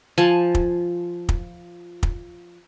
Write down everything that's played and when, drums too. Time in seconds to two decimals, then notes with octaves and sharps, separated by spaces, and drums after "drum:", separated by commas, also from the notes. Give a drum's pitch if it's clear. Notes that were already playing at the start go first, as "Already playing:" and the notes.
0.18 F3 G#5 A5
0.55 drum: kick
1.29 drum: kick
2.03 drum: kick